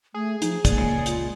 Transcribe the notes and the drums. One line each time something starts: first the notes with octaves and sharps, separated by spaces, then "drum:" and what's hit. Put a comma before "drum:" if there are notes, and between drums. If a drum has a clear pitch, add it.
A3 G#4
F3 D#4, drum: hi-hat
A#3 D5, drum: kick, hi-hat
C#2 A#2
F4, drum: hi-hat